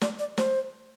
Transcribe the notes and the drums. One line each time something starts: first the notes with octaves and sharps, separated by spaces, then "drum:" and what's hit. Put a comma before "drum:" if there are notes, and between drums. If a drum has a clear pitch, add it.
D5, drum: snare
D5
C5, drum: snare